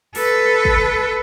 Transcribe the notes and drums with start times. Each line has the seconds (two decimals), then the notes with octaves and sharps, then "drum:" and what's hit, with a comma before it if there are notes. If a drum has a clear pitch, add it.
0.15 A4 B4, drum: open hi-hat
0.65 drum: kick